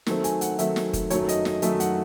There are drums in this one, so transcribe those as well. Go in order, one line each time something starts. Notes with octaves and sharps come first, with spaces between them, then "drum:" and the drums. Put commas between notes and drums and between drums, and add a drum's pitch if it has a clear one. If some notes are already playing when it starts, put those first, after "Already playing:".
D#3 F#3 A3 C4, drum: snare
G#5, drum: hi-hat
F#5, drum: hi-hat
D#3 F#3 A3 C4 E5, drum: hi-hat
drum: snare
drum: kick, hi-hat
F#2 D#3 F#3 A3 C#5, drum: hi-hat
D#5, drum: hi-hat
D#5, drum: snare
F#2 D#3 F#3 A3 E5, drum: hi-hat
F#5, drum: hi-hat